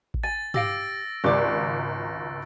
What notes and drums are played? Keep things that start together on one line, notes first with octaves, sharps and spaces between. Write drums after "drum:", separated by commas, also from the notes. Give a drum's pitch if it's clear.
drum: kick A1
G#5 A6
G4 F5 E6 A#6 D7, drum: tom
G#1 C#2 G4 D5